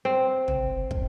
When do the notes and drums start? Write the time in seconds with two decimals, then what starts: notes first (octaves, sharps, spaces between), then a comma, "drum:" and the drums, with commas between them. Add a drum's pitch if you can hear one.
0.05 C4
0.48 drum: tom
0.91 drum: kick